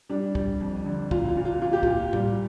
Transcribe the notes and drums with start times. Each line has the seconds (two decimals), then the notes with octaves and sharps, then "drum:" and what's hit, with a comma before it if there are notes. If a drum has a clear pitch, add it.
0.09 G3 D4
0.35 G3, drum: kick
0.61 F2
0.86 D3
1.11 A#2 F4, drum: kick
1.29 F4
1.37 A#2
1.45 F4
1.62 A#2 F4
1.73 G4
1.83 A#2 F4, drum: kick
2.13 G3, drum: tom A2